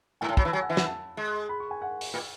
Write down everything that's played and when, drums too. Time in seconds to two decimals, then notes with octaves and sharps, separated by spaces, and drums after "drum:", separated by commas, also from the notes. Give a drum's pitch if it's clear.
0.21 G#2 G#5
0.29 A2 A5
0.37 F#3 B5, drum: kick
0.45 E3 A5
0.53 F#3 G#5
0.61 F#5
0.69 E3 E5
0.77 F#5, drum: snare
0.85 A5
1.17 G#3
1.49 B5
1.60 C#6
1.71 G#5
1.82 F#5
2.01 drum: open hi-hat
2.14 A2